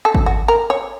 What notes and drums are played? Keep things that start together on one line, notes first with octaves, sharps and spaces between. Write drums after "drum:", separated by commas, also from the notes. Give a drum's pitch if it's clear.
A4
drum: kick G#1
F#4
A#4
C#5